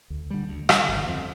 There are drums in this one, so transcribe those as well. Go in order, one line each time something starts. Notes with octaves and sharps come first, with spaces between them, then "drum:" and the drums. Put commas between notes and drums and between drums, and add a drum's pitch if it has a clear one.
D2
D3 G3
D2
D3 G3, drum: rim click
G1
F2 F3